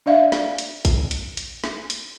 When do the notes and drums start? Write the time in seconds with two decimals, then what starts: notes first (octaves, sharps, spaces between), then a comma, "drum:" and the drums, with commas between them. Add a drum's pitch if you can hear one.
0.06 D4 D5 E5 F5
0.32 drum: snare
0.58 drum: hi-hat
0.85 drum: kick A#1, hi-hat
1.11 drum: hi-hat
1.37 drum: hi-hat
1.64 drum: snare
1.90 drum: hi-hat